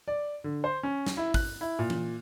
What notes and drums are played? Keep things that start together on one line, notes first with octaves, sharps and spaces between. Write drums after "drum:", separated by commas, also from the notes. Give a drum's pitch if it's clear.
D5
D3
C5
C#4
drum: snare
E4
F#6, drum: kick, open hi-hat
E4
A#2
drum: tom E3